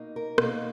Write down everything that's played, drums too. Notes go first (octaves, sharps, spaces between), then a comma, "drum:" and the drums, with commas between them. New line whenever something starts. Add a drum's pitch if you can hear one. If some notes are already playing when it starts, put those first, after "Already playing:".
Already playing: B2 A#3 D#4
A#4
B2 A#3 D#4, drum: rim click